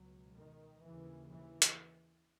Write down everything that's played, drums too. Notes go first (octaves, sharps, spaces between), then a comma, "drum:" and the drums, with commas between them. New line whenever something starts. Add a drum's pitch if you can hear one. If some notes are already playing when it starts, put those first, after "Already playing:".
Already playing: C#2 B2 F#3
D#3
D#2 C#3 E3
E3
drum: hi-hat